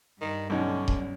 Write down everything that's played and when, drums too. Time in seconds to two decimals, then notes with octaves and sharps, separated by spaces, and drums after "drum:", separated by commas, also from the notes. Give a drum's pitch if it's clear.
0.21 G2 D#3
0.50 B1 D3 C#4 D#4
0.88 drum: kick D#1